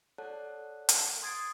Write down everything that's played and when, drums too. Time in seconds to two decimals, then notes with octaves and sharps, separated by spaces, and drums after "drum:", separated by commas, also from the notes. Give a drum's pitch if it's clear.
0.18 A4 C#5 D5 F#5 A5 F#6
0.89 drum: hi-hat
1.22 C6 D#6 G#6 A6 C7 D7